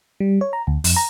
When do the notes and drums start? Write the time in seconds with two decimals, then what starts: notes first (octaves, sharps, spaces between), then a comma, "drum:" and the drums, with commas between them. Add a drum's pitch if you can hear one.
0.20 G3
0.41 C#5
0.53 A#5
0.67 D2
0.84 F2, drum: open hi-hat
0.96 A#5